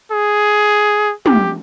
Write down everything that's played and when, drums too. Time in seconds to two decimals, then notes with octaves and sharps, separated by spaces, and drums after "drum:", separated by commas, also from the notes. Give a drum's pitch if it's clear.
0.12 G#4
1.26 G4, drum: tom